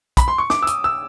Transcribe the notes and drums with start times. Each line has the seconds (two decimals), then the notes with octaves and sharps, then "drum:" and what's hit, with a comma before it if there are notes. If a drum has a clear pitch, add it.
0.17 B5, drum: kick, hi-hat
0.28 C6
0.38 C#6
0.50 D6, drum: snare
0.62 E6
0.67 D#6, drum: hi-hat
0.84 E6